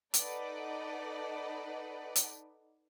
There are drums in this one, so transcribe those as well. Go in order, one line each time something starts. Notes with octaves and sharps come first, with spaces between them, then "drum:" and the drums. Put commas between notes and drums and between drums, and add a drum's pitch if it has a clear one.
D#4 A4 B4 D5 D#5 F#5, drum: hi-hat
drum: hi-hat